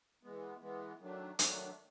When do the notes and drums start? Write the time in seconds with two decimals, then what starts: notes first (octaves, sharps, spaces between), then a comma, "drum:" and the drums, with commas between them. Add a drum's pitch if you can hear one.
0.23 E3 G#3 B3
0.62 E3 G#3 B3
1.00 D#3 F#3 A3 D4
1.39 D#3 F#3 A3 D4, drum: hi-hat